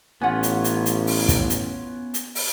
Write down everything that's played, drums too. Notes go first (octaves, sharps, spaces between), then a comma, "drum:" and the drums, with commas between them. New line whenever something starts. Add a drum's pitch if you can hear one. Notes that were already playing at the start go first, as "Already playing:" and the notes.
A1 B3 C#4 F4 F#5 G#5
drum: hi-hat
drum: hi-hat
drum: hi-hat
drum: open hi-hat
drum: kick, hi-hat
drum: hi-hat
drum: hi-hat
drum: open hi-hat